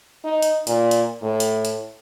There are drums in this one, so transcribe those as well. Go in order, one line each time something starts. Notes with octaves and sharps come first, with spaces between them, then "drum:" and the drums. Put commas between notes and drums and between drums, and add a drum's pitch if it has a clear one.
D#4
drum: hi-hat
A#2, drum: hi-hat
drum: hi-hat
A2
drum: hi-hat
drum: hi-hat